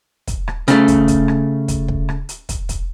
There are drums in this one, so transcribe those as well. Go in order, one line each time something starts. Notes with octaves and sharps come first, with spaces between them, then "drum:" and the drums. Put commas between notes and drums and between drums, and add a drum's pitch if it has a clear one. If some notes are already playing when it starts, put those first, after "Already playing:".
drum: kick, hi-hat
drum: rim click
C#3 A3, drum: hi-hat
drum: kick, hi-hat
drum: kick, hi-hat
drum: rim click
drum: kick, hi-hat
drum: kick
drum: rim click
drum: hi-hat
drum: kick, hi-hat
drum: kick, hi-hat